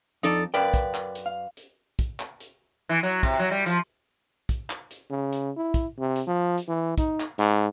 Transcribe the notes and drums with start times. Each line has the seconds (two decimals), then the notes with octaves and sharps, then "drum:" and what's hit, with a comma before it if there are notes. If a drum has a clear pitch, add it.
0.23 F2 D#4 A4 D5
0.54 F#2 A#4 B4 D5 F5 G5
0.74 drum: kick, hi-hat
0.95 drum: clap
1.15 drum: hi-hat
1.26 F5
1.57 drum: hi-hat
1.99 drum: kick, hi-hat
2.20 drum: clap
2.41 drum: hi-hat
2.89 E3
3.03 F#3
3.23 C3, drum: kick, hi-hat
3.39 F#3
3.51 G3
3.66 F3, drum: hi-hat
4.49 drum: kick, hi-hat
4.70 drum: clap
4.91 drum: hi-hat
5.10 C#3
5.32 drum: hi-hat
5.57 E4
5.74 drum: kick, hi-hat
5.98 C3
6.16 drum: hi-hat
6.27 F3
6.58 drum: hi-hat
6.68 E3
6.98 D#4, drum: kick, hi-hat
7.20 drum: clap
7.38 G#2, drum: hi-hat